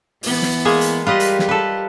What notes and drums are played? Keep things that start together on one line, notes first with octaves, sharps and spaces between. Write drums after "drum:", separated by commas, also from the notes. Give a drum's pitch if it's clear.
E3 B3, drum: open hi-hat
drum: snare
G#3 A#3 G#4
drum: hi-hat
G3 F4 G4 A#4 B4 D#5
drum: hi-hat
drum: snare
A4 B4